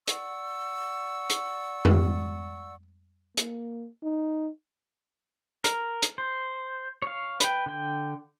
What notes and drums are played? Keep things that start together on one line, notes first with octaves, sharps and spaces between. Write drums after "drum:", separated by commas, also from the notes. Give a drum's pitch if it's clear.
D5 F#5 C#6 E6, drum: hi-hat
drum: hi-hat
drum: tom F2
A#3, drum: hi-hat
D#4
A#4, drum: hi-hat
drum: hi-hat
C5
C#5 F5
B4 G5, drum: hi-hat
D3 G5